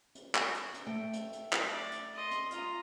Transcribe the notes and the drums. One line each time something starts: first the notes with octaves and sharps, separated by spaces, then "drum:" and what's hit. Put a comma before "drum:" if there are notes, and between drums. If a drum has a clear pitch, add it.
drum: hi-hat
drum: clap
drum: hi-hat
drum: hi-hat
A3 G5
drum: hi-hat
drum: hi-hat
drum: clap
D5
drum: hi-hat
D#5 C6
drum: hi-hat
F4 A#5, drum: hi-hat